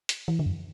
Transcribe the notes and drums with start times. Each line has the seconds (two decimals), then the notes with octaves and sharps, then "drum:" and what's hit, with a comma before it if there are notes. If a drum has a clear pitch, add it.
0.09 drum: hi-hat
0.28 E3
0.39 D3
0.46 F#2